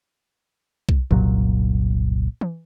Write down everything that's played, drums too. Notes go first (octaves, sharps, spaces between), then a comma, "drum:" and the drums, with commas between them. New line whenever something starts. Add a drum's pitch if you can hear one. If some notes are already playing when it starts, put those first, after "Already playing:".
drum: kick B1
F#1 C2 A#2 F#3, drum: tom B2
drum: tom E3